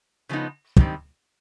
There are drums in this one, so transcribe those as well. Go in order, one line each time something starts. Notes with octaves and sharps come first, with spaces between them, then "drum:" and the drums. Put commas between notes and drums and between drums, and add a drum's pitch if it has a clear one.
C#3 F3 G#3 B3 D#4
G#2 D#3 G3 C4, drum: kick